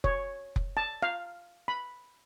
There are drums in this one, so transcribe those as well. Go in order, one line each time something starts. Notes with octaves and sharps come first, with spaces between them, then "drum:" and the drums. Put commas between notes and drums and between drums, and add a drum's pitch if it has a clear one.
C#5, drum: kick F1
drum: kick F1
A5
F5
B5